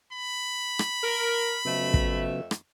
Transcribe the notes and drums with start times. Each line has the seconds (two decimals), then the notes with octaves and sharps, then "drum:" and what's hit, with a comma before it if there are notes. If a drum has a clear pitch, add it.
0.12 B5
0.79 drum: rim click
1.04 A#4
1.65 F2 C#3 F#3 A3 B3 E5
1.94 drum: kick
2.51 drum: rim click